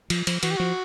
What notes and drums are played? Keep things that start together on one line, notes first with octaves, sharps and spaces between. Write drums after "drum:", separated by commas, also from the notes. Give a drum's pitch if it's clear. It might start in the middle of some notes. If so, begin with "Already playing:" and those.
F3, drum: cymbal
F3, drum: cymbal
E3 F#4, drum: cymbal
G4
F3 F#4